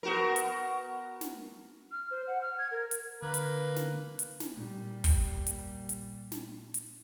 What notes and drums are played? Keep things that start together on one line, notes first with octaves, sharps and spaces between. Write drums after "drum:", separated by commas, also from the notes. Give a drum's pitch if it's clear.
B3 F#4 A#4
drum: hi-hat
drum: snare
F6
C5
F#5
F6
G#6
A#4
drum: hi-hat
D3 A#3 A#4 B4
drum: hi-hat
drum: snare
drum: hi-hat
drum: snare
A#2 G3
drum: kick, open hi-hat
drum: hi-hat
drum: hi-hat
drum: snare
drum: hi-hat